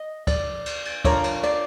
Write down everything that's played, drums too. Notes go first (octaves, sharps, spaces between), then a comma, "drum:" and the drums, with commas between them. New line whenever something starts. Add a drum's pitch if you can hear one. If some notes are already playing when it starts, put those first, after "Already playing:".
Already playing: D#5
D5, drum: kick, cymbal
drum: cymbal
drum: cymbal
D4 F4 A#4 C#5, drum: kick, cymbal
drum: cymbal
D5, drum: cymbal